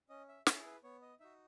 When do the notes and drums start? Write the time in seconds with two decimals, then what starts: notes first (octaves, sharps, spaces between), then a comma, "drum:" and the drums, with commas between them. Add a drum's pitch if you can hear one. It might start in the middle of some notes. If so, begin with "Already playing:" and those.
0.09 C#4 D#5
0.29 E5
0.47 E4 G#4 C#5, drum: snare
0.65 B4
0.83 B3 C#5
1.02 D#5
1.20 D#4 F#4 E5